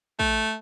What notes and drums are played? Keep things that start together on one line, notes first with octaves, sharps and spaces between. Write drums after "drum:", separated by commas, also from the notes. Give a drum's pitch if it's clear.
A3, drum: kick